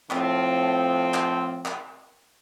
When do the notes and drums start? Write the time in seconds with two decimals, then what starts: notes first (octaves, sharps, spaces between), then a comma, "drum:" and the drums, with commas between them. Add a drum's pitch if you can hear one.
0.11 A2 F3 C4, drum: clap
1.14 drum: clap
1.66 drum: clap